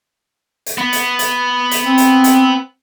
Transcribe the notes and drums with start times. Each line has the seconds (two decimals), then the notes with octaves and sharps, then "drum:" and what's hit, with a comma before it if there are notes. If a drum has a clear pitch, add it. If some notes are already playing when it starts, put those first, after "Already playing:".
0.66 drum: hi-hat
0.78 B3
0.93 drum: hi-hat
1.19 drum: hi-hat
1.71 drum: hi-hat
1.85 C4
1.98 drum: hi-hat
2.24 drum: hi-hat